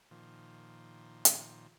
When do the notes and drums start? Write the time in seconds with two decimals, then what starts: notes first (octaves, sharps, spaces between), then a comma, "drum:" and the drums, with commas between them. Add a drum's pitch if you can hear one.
0.11 A#2 D#3 F3
1.25 drum: hi-hat